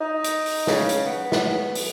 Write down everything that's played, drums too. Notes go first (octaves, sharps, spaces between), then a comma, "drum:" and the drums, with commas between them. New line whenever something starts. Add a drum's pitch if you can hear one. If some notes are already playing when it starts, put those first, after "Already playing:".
D#4
drum: hi-hat
drum: open hi-hat
C#3, drum: snare
drum: hi-hat
B3
drum: snare
drum: open hi-hat